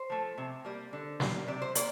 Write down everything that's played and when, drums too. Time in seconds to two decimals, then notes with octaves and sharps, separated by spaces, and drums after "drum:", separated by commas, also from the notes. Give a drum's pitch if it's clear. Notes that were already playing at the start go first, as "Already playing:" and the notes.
Already playing: C5
0.10 F3 A3
0.38 C3
0.65 G3 A#3
0.93 D3
1.20 G3 A#3, drum: snare
1.48 C3 D5
1.62 C5
1.75 A#3 D5, drum: hi-hat